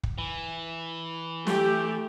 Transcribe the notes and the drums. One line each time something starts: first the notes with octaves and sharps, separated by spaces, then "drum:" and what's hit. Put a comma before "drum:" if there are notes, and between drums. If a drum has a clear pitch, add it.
drum: kick
E3
A3 G4, drum: snare